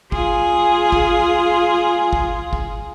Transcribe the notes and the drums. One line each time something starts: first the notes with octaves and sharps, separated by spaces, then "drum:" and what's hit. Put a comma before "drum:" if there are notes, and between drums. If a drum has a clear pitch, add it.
F4 G#4, drum: kick
drum: kick
drum: kick
drum: kick